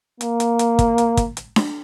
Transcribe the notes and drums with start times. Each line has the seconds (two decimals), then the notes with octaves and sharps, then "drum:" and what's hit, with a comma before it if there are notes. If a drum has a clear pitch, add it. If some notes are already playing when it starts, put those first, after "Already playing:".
0.21 A#3, drum: hi-hat
0.40 drum: hi-hat
0.59 drum: hi-hat
0.79 drum: kick, hi-hat
0.98 drum: hi-hat
1.17 drum: kick, hi-hat
1.37 drum: hi-hat
1.56 drum: snare D4